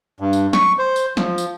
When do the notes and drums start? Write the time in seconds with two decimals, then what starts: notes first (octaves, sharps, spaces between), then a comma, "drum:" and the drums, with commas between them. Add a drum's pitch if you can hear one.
0.20 G2
0.33 drum: tambourine
0.53 C#6, drum: snare
0.79 C5
0.96 drum: tambourine
1.17 F3, drum: snare
1.38 drum: tambourine